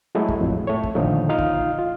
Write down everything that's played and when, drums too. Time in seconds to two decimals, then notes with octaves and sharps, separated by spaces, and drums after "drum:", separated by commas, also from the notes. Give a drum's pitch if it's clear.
0.15 F#3 G#3 A3 E4
0.29 drum: kick
0.41 F2 A2
0.67 A3 C#5
0.84 drum: kick
0.95 A#2 D3 D#3 F3 D#4
1.29 D#4 F4 F5 F6
1.39 drum: kick
1.79 F4